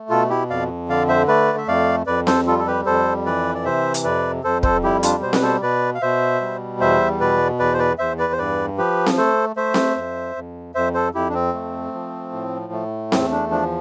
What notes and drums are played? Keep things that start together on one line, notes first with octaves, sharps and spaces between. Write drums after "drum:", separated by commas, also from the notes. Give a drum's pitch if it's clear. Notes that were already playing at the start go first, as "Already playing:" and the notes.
Already playing: A3
B2 F4 A4
E4 G4
F2 D5 F5
D3 D5 F5
C5 E5
A3 B4 D5
E5
F2 D5 F5
F2 B4 D5
A4 C5, drum: snare C4
G3 F4 A4
A4
G4 B4
F2 A4 C5
E3 B4 D5
D5
C3 C5 E5
drum: hi-hat
F2 B4 D5
F2 A4 C5
A4 C5, drum: kick
G3 E4 G4
D4 F4, drum: hi-hat
B2 C5
B4, drum: snare C4
A4 C5
B2 B4 D5
F5
B2 C5 E5
G3
E2 C5 E5
B2 B4 D5
E2 B4 D5
C5
B4 D5
E2 C5 E5
B4 D5
C5
G2 B4 D5
F3 G4 B4
drum: snare C4
A3 A4 C5
A3 C5 E5
drum: snare C4
F2
F2
F2 C5 E5
A4 C5
F2 E4 G4
D4
C4
A3
F3
A2
A3
E2 C4, drum: snare C4
D4
F3 D4